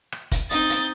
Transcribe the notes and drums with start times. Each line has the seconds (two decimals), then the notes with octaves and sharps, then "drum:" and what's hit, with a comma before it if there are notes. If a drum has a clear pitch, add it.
0.12 drum: rim click
0.32 drum: kick, hi-hat
0.51 C4 D#4 D#6 G6 A6, drum: hi-hat
0.70 drum: hi-hat